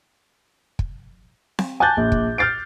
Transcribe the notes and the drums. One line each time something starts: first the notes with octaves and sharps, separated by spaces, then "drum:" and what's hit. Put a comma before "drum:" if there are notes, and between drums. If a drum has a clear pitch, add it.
drum: kick
drum: snare C4
G#5 A5 D6 F#6 G6 A6
A#1
drum: kick
F6 G6 A6 C7 D7